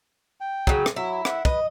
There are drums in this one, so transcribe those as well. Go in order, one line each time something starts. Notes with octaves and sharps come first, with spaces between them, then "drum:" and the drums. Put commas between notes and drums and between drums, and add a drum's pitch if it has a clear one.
G5
C#3 F#3, drum: kick
drum: rim click
F#3 E4
E5 F#5, drum: rim click
B4 D#5, drum: kick